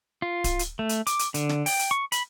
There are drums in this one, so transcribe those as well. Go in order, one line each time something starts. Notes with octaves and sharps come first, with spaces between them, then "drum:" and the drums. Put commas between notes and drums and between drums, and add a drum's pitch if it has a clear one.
F4
drum: kick D1, hi-hat
drum: hi-hat
A3
drum: hi-hat
D6, drum: hi-hat
drum: hi-hat
D3, drum: hi-hat
drum: snare
G5, drum: open hi-hat
drum: hi-hat
C#6
B5, drum: hi-hat